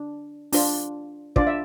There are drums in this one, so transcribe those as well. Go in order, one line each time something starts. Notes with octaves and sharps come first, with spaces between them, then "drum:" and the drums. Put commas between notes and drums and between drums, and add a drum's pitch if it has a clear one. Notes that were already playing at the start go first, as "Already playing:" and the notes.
Already playing: D4
D4 F4 C5, drum: open hi-hat
D4 F4 C5 D5, drum: kick
E5